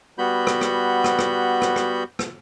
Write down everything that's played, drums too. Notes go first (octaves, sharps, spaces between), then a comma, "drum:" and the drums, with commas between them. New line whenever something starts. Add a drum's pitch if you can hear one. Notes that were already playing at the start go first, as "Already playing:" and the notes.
G3 B3 F#4 B5 G6
drum: rim click
drum: rim click
drum: rim click
drum: rim click
drum: rim click
drum: rim click
drum: rim click